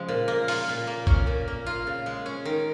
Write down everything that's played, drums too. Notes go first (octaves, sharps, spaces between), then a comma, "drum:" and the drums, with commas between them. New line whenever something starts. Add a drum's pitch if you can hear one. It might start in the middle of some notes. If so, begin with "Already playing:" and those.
Already playing: C#3 F3 G#3
A#2
A#3
F4, drum: open hi-hat
A#2
A#3
C#4, drum: kick A1
A#2
A#3
F4
C#3
G#3
C#4
D#3